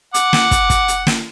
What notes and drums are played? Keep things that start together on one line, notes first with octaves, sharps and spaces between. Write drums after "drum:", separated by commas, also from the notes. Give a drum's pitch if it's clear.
F#5 D6, drum: hi-hat
drum: snare
drum: kick, hi-hat
drum: kick, hi-hat
drum: hi-hat
drum: snare